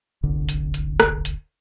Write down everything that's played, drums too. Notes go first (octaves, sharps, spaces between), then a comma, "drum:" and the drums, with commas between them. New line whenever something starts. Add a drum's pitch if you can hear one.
D1 G1 C2 D3
drum: hi-hat
drum: hi-hat
drum: rim click
drum: hi-hat